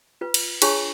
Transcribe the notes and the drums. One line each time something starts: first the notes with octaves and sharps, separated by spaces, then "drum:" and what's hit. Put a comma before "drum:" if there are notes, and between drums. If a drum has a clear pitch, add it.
F4 B4
drum: cymbal
D4 F4 G#4 C#5 A5 C#6, drum: cymbal